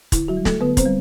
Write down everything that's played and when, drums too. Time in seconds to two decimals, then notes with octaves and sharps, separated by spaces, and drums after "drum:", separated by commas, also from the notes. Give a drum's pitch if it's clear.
0.12 D3 E4, drum: kick, hi-hat
0.28 F#3 F#4
0.37 G3
0.45 A3 A4, drum: snare
0.61 D3 B3 B4
0.77 C4 C5, drum: kick, hi-hat
0.86 G3